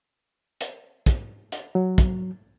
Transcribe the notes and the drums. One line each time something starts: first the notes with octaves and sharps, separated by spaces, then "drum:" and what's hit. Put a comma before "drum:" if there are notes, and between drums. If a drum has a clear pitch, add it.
drum: hi-hat
drum: kick, hi-hat
drum: hi-hat
F#3
drum: kick, hi-hat